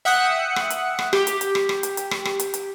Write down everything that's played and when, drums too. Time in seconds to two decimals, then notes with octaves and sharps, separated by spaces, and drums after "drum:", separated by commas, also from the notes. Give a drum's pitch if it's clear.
0.05 E5 F#5 G5 D#6 F#6 C#7
0.56 drum: rim click
0.70 drum: hi-hat
0.99 drum: rim click
1.13 G4, drum: rim click
1.27 drum: hi-hat
1.41 drum: hi-hat
1.55 drum: rim click
1.69 drum: rim click
1.83 drum: hi-hat
1.97 drum: hi-hat
2.11 drum: rim click
2.25 drum: rim click
2.40 drum: hi-hat
2.54 drum: hi-hat